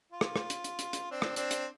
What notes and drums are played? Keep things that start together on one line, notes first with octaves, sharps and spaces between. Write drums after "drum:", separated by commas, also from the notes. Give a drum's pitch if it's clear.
F4
drum: rim click
drum: rim click
drum: hi-hat
drum: hi-hat
drum: hi-hat
drum: hi-hat
C4 D4
drum: rim click
C4 D4, drum: hi-hat
drum: hi-hat